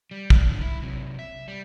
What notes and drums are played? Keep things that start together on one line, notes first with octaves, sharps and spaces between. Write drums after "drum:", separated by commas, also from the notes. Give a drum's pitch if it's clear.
G3
drum: kick
D3 F3
E4
C3 F#3
E5
G3